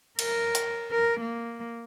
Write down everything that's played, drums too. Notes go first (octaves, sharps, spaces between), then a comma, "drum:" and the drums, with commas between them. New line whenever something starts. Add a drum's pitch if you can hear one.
A#4, drum: cymbal
drum: hi-hat
A#4
A#3